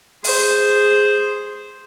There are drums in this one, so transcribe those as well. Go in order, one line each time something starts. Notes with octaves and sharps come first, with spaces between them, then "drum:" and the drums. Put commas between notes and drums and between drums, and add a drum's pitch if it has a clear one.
G#4 C5, drum: open hi-hat